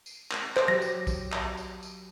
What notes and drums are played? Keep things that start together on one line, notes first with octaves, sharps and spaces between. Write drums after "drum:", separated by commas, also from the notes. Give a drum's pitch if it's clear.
drum: tambourine
drum: clap
C5, drum: clap
F#3 G4 A#6
drum: tambourine
drum: kick A#1, tambourine
drum: clap
drum: tambourine
drum: tambourine